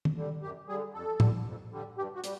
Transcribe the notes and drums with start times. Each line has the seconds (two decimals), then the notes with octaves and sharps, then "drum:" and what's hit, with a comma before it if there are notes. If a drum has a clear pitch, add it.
0.05 drum: tom
0.16 D3 G3
0.42 F#2 G4
0.68 D3 G3 G#4
0.94 F2 A4
1.20 D3 G3, drum: tom A2
1.46 F2
1.72 D3 G3
1.98 G2 G4
2.15 F#4
2.24 G3, drum: hi-hat